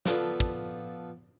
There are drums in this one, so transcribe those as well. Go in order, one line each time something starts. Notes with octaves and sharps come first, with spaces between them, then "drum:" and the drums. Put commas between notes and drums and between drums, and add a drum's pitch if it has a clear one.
F3 B3 A4 D5, drum: snare
drum: kick